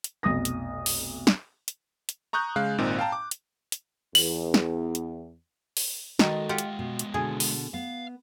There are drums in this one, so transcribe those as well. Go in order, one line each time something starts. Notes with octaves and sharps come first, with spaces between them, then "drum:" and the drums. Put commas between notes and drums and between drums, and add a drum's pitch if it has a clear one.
drum: hi-hat
F1 B1 D#6 A#6
drum: hi-hat
drum: open hi-hat
drum: snare
drum: hi-hat
drum: hi-hat
A#5 C#6 D#6 F#6 G6
C#3 G#3 F5 F#6
G#1 A#2 C4 D#4
F5 G5 A5 A#5
D6
drum: hi-hat
drum: hi-hat
E2 F#7, drum: open hi-hat
drum: snare
drum: hi-hat
drum: open hi-hat
D#2 D#3 G#3 F#4 A4 D#5, drum: snare
F4 G4 F#5
drum: hi-hat
B2
drum: hi-hat
B2 D3 G#4
drum: open hi-hat
B3 F5